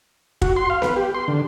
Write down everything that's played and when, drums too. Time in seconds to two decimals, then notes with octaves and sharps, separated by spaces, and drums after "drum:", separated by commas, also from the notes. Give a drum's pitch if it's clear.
0.42 F#4, drum: kick
0.56 C6
0.70 F5
0.82 B4, drum: snare B3
0.96 G4
1.14 C6
1.28 D3